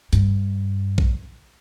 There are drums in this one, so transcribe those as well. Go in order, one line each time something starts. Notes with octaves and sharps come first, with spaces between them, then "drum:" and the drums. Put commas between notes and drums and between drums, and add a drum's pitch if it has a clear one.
G2, drum: hi-hat
drum: kick